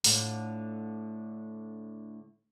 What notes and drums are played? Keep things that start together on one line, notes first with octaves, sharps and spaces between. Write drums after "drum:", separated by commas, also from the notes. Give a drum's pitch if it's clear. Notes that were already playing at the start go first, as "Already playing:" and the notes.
A2 D3 F4, drum: open hi-hat